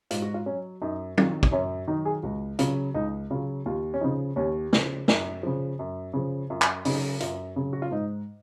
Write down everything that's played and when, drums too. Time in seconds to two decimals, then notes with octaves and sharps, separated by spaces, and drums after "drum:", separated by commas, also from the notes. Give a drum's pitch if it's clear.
0.11 G#2 F4, drum: hi-hat
0.22 F#4
0.34 F4
0.46 F#3 C#4
0.82 F#2 D#4
1.18 D#3 F#3 F4, drum: tom F#3
1.43 drum: kick
1.52 F#2 C#4
1.88 D#3 F#3 D#4
2.05 G#4
2.23 C#2 F#4
2.59 C#3 F#3 F4, drum: hi-hat
2.94 C#2 D#4
3.31 C#3 F#3 F4
3.66 D#2 F4
3.94 C#4
4.01 C#3 F3 D#4
4.36 D#2 C#4
4.73 C#3 F3, drum: snare
5.08 F#2, drum: snare
5.43 C#3 F3
5.79 F#2
6.14 C#3 F3
6.50 F#2 F4
6.62 drum: clap
6.85 C#3 F#3 D#4, drum: open hi-hat
7.20 F#2 F4, drum: hi-hat
7.56 C#3 F#3
7.73 F#4
7.82 F4
7.91 G#2 D#4